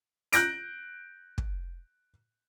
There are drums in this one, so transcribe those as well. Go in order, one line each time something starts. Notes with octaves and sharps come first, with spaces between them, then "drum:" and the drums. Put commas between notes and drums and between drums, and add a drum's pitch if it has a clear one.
F#6 G6 A#6 D7, drum: hi-hat
drum: kick